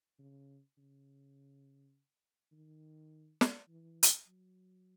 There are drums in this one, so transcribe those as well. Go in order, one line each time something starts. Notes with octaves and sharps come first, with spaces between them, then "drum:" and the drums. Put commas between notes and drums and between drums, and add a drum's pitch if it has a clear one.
C#3
C#3
D#3
drum: snare
E3
drum: hi-hat
F#3